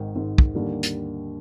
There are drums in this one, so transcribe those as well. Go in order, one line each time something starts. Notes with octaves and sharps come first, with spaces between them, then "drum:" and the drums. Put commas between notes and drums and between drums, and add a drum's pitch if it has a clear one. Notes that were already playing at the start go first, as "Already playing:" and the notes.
Already playing: G#1 G#2 D#3
G#1 G#2 D#3
drum: kick
D#2 D3 G3 A#3
drum: hi-hat